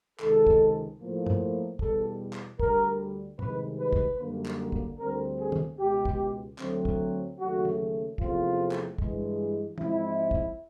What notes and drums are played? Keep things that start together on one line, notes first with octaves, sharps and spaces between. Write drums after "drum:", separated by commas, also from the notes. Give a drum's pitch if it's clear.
C#2 C3 D#3 G#3 A4, drum: clap
drum: kick
A2 F3 A#3
drum: tom G2
E2 B2 G3 A4, drum: kick
drum: clap
D2 D3 G3 A#4, drum: kick
C2 C3 D#3 G#3 B4, drum: tom A2
B4
drum: kick
F#2 D3 G3 A#3
drum: clap
drum: kick
D2 D3 G3 C4 A#4
G#4
drum: tom
C#2 B2 G#3 G4
drum: kick
D2 D3 F#3 A3 C4, drum: clap
drum: kick
D#2 C#3 F#3 A3 F#4
drum: tom
E2 C3 F3 A3 C4 F4, drum: kick
drum: clap
G2 E3 G#3, drum: kick
G#2 F3 G#3 C4 E4, drum: tom
drum: kick